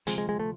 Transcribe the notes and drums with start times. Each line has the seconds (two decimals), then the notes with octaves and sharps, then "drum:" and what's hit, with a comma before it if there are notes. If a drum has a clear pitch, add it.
0.07 D2 C3 F3 G#3, drum: hi-hat
0.18 G#3
0.29 G#3
0.40 A3